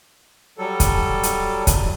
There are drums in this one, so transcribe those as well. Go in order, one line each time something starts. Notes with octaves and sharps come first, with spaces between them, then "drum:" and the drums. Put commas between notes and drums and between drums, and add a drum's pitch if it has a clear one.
F#3 G3 A4
drum: kick, hi-hat
drum: hi-hat
drum: kick, hi-hat